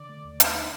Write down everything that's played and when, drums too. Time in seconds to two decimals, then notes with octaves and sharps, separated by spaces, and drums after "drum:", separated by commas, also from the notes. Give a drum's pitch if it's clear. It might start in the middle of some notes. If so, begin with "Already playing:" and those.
Already playing: D3 D5
0.09 A3
0.24 D#2
0.40 D#4 C5, drum: hi-hat
0.55 D#4